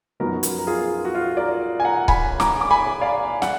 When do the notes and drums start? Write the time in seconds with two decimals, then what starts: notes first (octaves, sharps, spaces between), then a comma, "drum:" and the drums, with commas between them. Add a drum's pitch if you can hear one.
0.20 F#2 F3 B3 D#4 F#4 A#4
0.43 drum: hi-hat
0.59 A#4
0.67 F4 G#4
1.05 F#4
1.15 F4
1.37 A#4 D5
1.80 G#5
1.85 F#5 A#5
2.08 G#5 B5, drum: kick C#1
2.40 A#5 D6, drum: snare
2.61 D6
2.71 G#5 B5
3.01 D5 F5
3.42 F#5, drum: snare